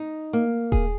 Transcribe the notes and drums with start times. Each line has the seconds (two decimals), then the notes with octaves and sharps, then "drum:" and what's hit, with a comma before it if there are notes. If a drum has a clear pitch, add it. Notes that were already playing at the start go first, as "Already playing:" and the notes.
Already playing: D#4
0.33 A#3
0.72 G#4, drum: kick D#1